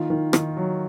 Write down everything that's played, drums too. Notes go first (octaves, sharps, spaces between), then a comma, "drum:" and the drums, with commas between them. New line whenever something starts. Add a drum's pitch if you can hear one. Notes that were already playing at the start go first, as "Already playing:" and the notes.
Already playing: D#3 A#3 F4
D#3
D#3, drum: rim click
F#3